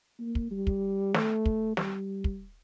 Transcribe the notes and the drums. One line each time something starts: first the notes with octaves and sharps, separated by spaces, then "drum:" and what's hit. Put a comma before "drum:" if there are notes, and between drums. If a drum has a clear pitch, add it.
A#3
drum: kick
G3
drum: kick
A3, drum: snare
drum: kick
G3, drum: snare
drum: kick